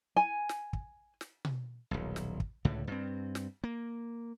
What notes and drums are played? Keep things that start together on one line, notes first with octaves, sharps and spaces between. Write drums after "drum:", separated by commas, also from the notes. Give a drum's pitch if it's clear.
G#5
drum: snare
drum: kick
drum: snare
drum: tom B2
D#1 B1
drum: snare
drum: kick
C#2 A2 D3
G2 C4
drum: snare
A#3